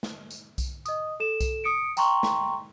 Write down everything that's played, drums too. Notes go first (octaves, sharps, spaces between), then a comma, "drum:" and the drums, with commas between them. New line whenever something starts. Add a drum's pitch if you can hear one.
drum: snare
drum: tambourine
drum: kick B1, tambourine
D#5 D#6, drum: tambourine
A4 E7
drum: kick B1, tambourine
D#6 C#7 D7
G5 A#5 C6 C#6, drum: tambourine
drum: snare